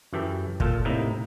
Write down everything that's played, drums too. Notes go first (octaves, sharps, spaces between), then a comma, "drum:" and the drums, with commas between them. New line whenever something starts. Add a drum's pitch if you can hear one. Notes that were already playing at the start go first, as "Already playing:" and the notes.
F#2 E3 G4 A4
A#2 F4 A4, drum: kick
A2 C3 A#3 D#4 E4